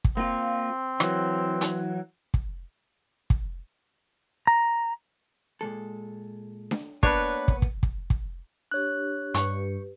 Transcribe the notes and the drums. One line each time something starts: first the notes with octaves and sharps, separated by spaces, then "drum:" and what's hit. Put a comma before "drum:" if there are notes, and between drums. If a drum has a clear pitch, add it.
drum: kick
A#3 C4 F4
E3 F#3, drum: rim click
drum: hi-hat
drum: kick
drum: kick
A#5
A#2 G#3 A4
drum: snare D4
A#3 B3 D4 B4 C#5, drum: kick
drum: kick
drum: kick
drum: kick
drum: kick
D4 G4 C#5 F#6
G2 G4 B4 C#6, drum: hi-hat